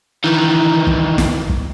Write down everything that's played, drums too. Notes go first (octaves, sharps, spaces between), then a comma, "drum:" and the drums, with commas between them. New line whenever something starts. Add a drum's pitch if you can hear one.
D#3 E3
drum: kick
drum: snare
drum: kick